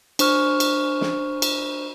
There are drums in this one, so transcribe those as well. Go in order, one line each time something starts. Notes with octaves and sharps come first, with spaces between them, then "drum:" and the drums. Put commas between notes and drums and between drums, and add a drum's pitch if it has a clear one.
D4 C5 C#6 F6, drum: cymbal
drum: cymbal
drum: snare
drum: cymbal